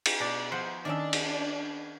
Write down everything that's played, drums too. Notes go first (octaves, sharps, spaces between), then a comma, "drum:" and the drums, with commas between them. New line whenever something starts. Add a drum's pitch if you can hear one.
drum: cymbal
B2 D4 D5
F3 C5 F#5
D#3 C#4 D4 D5 E5
drum: cymbal